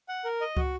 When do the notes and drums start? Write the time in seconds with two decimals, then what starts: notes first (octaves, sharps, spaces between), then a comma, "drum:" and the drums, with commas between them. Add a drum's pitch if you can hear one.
0.09 F#5
0.24 A#4
0.41 D#5
0.57 F#4, drum: kick